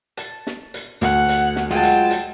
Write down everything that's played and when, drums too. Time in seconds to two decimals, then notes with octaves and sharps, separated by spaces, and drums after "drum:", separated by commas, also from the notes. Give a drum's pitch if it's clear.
0.17 A5, drum: hi-hat
0.47 drum: snare
0.74 drum: hi-hat
1.01 D2 F#5, drum: hi-hat
1.29 drum: hi-hat
1.56 drum: snare
1.71 F#3 G#3 B3 F4 G5 A5
1.83 drum: hi-hat
2.11 drum: hi-hat